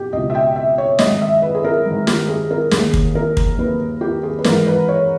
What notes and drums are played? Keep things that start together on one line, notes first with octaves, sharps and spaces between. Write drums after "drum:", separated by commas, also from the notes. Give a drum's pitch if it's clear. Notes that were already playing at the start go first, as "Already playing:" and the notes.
Already playing: B2 G4
C#2 B2 D#5
E5
G5
E5
C#5
G#2 D#3 D#5, drum: snare
E5
B4
G#4
A#4
G#2 D#3
G4, drum: snare
G#4
A#4
D#2 D#3 G#4, drum: snare
drum: kick
A#4
drum: kick
D#2 D#3 B4
G4
G#4
B4
G#2 E3 A#4, drum: snare
B4
C#5